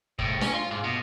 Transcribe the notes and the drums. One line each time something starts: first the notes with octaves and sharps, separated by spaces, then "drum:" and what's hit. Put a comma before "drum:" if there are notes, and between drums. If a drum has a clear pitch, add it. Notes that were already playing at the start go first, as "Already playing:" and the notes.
C2 A2, drum: kick
C#4, drum: snare D4
F4
G#2
B2